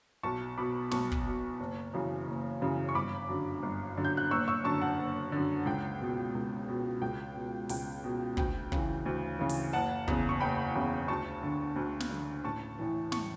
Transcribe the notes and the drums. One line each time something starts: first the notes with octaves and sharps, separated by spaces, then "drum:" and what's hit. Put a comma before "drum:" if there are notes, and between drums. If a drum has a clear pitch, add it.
B1 A5 C#6
B2 B5 D6
B1 A5 C#6, drum: snare
drum: kick
B2
F#1
F#2 C#3 E3
F#1
F#2 C#3 E3
C#6
G1 B5 D6
F#2 D3
G1
F#2 D3
G6
F#6
F#1 C#6 E6
C#6 E6
F#2 D3 A5 C#6
F#5 A5
F#1
F#2 D3
C#2 G5
B2
C#2
B2
C#2 G5
B2
C#2 G5, drum: open hi-hat
B2
D2 G5, drum: kick
C#3 E3, drum: kick
D2
C#3 E3
drum: open hi-hat
F#1 F#5 A5
E2 C#3, drum: kick
C#6
F#1 G5 B5
E2 C#3
D2 A5 C#6
D3
D2
drum: snare
D3
A1 A5 C#6
A2 E3
A5 C#6, drum: snare